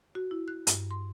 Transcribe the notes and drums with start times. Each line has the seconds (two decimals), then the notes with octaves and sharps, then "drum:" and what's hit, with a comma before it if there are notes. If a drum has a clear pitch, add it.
0.15 F#4
0.31 E4
0.48 F#6
0.67 G2, drum: hi-hat
0.91 C6